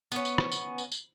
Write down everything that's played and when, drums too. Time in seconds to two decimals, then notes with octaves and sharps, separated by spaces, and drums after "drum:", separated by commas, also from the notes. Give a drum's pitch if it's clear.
0.12 B3 C#4, drum: tambourine
0.25 drum: tambourine
0.38 drum: rim click
0.52 drum: tambourine
0.78 drum: tambourine
0.92 drum: tambourine